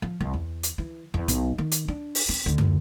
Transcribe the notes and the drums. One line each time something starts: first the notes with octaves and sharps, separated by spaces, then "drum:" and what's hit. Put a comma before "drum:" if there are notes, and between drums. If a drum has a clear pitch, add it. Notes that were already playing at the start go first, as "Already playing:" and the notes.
F3
C2
E2
drum: hi-hat
E3
E2
B1, drum: hi-hat
D#3
drum: hi-hat
D4
drum: open hi-hat
C4
D2
drum: tom